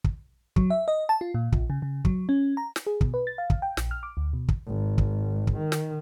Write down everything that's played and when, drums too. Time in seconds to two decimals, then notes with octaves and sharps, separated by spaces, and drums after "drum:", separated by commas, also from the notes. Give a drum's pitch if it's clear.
0.04 drum: kick
0.56 F#3, drum: kick
0.70 E5
0.88 D#5
1.09 A5
1.21 F4
1.34 A#2
1.52 A#1, drum: kick
1.70 C#3
1.82 C#3
2.05 F#3, drum: kick
2.29 C#4
2.57 A#5
2.76 drum: snare
2.87 G#4
3.01 B2, drum: kick
3.14 B4
3.27 A6
3.38 F5
3.50 drum: kick
3.62 G5
3.77 A#1, drum: snare
3.91 F6
4.03 D6
4.17 D2
4.33 B2
4.48 drum: kick
4.66 G#1
4.98 drum: kick
5.47 drum: kick
5.57 D#3
5.72 drum: snare